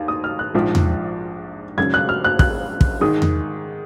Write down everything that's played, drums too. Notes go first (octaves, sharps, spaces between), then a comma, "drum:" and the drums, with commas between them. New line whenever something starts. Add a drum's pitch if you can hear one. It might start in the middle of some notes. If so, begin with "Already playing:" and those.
Already playing: D#2 F5
D#6
F6
F#6
A#1 G#2 F3
drum: tom E2
G#1 F#2 C#3 G#6
F#6
F6
F#6
F#6, drum: kick
drum: kick
G#2 D#3 G#3 D#6
drum: tom E2